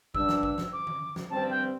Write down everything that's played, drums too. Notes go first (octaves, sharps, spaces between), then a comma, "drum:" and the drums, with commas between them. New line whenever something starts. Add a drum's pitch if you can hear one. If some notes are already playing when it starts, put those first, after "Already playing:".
G2 G3 D4 E6, drum: kick G#1
drum: snare
E6, drum: kick G#1
drum: snare
D6
drum: tom D#3
drum: snare
G2 G3 C4 A5
G5